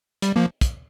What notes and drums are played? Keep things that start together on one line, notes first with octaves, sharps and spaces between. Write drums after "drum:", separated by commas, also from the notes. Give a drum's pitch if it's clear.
G3, drum: hi-hat
F3 A#3
drum: kick, hi-hat